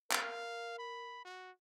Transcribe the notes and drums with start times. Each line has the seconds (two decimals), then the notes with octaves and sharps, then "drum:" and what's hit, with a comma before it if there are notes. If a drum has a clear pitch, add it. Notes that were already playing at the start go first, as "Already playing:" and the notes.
0.12 A#4 F5, drum: clap
0.79 B5
1.25 F#4